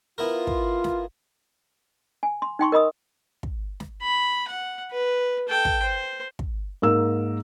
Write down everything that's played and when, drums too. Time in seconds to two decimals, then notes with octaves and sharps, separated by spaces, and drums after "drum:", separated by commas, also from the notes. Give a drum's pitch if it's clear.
0.18 B3 E4 F4 A#4
0.47 drum: kick
0.84 drum: snare
2.23 G#5
2.42 C6
2.59 D#4 G5 C6 C#6
2.72 A#4 D#5 B5 D#6
3.43 drum: kick
3.80 drum: snare
4.02 B5
4.48 F#5
4.91 B4
5.48 A4 G5
5.65 drum: kick
5.83 C5
6.39 drum: kick
6.82 G#2 A#3 A#4 E6